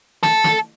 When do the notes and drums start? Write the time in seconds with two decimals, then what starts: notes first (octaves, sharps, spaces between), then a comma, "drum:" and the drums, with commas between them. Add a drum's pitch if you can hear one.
0.23 A4, drum: snare
0.44 drum: snare